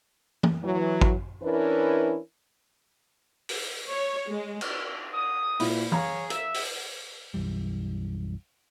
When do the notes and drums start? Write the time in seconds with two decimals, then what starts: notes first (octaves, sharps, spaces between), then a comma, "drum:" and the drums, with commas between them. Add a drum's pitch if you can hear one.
0.43 drum: tom
0.64 E3 F#3
1.01 drum: kick G#1
1.43 E3 C#4 D4 E4 A#4 B4
3.49 drum: open hi-hat
3.89 C#5
4.28 G#3
4.61 drum: cymbal
5.15 D#6
5.60 A#2 E4, drum: open hi-hat
5.92 G#4 C#5 F5 A#5, drum: tom
6.30 E5, drum: hi-hat
6.54 drum: open hi-hat
7.34 B1 F#2 E3 G3